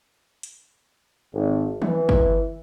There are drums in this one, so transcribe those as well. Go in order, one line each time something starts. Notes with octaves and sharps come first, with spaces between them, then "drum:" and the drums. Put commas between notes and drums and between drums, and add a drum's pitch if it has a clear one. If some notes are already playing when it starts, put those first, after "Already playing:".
drum: hi-hat
G#1
E3, drum: tom E3
drum: kick